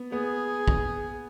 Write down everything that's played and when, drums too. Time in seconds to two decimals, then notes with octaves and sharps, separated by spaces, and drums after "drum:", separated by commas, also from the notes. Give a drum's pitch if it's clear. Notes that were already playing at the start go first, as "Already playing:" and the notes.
Already playing: B3
0.12 B3 G#4
0.68 drum: kick